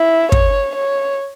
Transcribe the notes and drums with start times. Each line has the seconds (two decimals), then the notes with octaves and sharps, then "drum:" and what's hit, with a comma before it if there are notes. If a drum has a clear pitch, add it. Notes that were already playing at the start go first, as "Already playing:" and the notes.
Already playing: E4
0.32 C#5, drum: kick
0.75 C#5